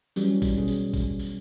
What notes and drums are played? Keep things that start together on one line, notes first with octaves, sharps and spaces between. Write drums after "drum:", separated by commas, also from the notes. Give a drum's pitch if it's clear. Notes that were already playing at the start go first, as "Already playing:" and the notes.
E3 F#3 G3 C#4, drum: tambourine
drum: kick A1, tambourine
B2 C#4 G#4
drum: tambourine
drum: kick A1, tambourine
drum: tambourine